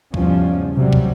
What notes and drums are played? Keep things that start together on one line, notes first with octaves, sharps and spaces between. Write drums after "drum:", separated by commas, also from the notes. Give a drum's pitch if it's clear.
E2 G#2 C#3 F3 G3 C#4, drum: kick
A1 C3 F#3 G3
drum: kick